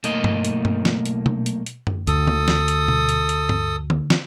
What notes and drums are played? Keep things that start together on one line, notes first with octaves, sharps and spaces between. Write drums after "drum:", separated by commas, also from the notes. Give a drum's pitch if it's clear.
B1 A3 A#3 D#4 D#5, drum: hi-hat
drum: tom G2
drum: hi-hat
drum: tom G2
drum: snare
drum: hi-hat
drum: tom B2
drum: hi-hat
drum: hi-hat
drum: tom F#2
D2 A4 D#6, drum: hi-hat
drum: tom D3
drum: snare
drum: hi-hat
drum: tom B2
drum: hi-hat
drum: hi-hat
drum: tom G2
drum: tom D3
drum: snare